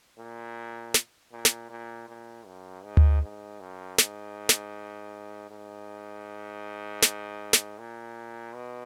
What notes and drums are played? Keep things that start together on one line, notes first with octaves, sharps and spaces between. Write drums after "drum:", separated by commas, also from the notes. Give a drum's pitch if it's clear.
A#2
drum: snare
A#2
drum: snare
A#2
A#2
F#2
G#2
drum: tom D2
G#2
F#2
G#2, drum: snare
drum: snare
G#2
drum: snare
drum: snare
A#2
B2